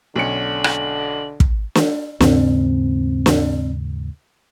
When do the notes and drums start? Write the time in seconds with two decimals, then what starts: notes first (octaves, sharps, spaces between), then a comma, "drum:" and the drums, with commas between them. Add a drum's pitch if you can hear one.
0.16 B1 D3 C#4 C#7 F#7
0.64 drum: rim click
1.40 drum: kick
1.75 drum: snare
2.20 D#2 G#2 C#3 C4, drum: snare
3.26 drum: snare